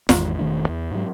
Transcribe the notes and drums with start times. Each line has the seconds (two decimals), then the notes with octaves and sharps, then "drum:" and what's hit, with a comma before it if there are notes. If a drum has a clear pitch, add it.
0.09 G#1 E2 D#3 G#3, drum: snare
0.39 E1 D#3 A3 D4
0.69 E2
0.91 G#2 F#3